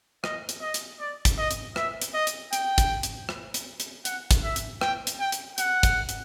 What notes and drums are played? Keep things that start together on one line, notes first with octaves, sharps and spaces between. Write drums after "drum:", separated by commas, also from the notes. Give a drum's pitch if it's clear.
D#5, drum: rim click
drum: hi-hat
D#5
drum: hi-hat
D5
drum: kick, hi-hat
D#5
drum: hi-hat
E5, drum: rim click
drum: hi-hat
D#5
drum: hi-hat
G5, drum: hi-hat
drum: kick, hi-hat
drum: hi-hat
drum: rim click
drum: hi-hat
drum: hi-hat
F#5, drum: hi-hat
drum: kick, hi-hat
E5
drum: hi-hat
G5, drum: rim click
drum: hi-hat
G5
drum: hi-hat
F#5, drum: hi-hat
drum: kick, hi-hat
drum: hi-hat